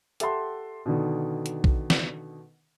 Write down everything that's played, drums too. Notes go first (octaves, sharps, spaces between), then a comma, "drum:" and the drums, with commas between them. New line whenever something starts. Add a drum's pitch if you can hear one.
G4 A4 E5 F#5 A5 C6, drum: hi-hat
B2 D3 D#3
drum: hi-hat
drum: kick A#1
drum: snare